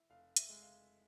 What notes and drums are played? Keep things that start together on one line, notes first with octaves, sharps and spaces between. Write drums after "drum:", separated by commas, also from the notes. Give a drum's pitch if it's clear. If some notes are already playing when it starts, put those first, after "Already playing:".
Already playing: E4
F1 F5
E5, drum: hi-hat
G#3
F5